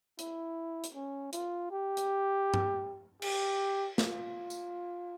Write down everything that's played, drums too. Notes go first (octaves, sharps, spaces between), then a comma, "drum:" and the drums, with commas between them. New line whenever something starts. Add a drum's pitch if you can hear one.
E4, drum: hi-hat
drum: hi-hat
C#4
F4, drum: hi-hat
G4
drum: hi-hat
drum: tom G2
G4, drum: cymbal
F4, drum: snare
drum: tambourine